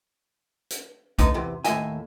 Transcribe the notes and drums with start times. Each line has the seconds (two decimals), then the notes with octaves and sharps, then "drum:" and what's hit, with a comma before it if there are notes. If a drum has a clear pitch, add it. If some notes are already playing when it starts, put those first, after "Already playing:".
0.70 drum: hi-hat
1.18 D3 A3 B3 D#4, drum: kick B1, hi-hat
1.34 E2 C3
1.64 D#2 A2 A3 D#5 E5 G#5, drum: hi-hat